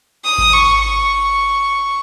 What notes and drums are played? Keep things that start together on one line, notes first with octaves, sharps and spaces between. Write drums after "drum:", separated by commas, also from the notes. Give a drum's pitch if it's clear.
D#6
drum: kick G#1
C#6
C#6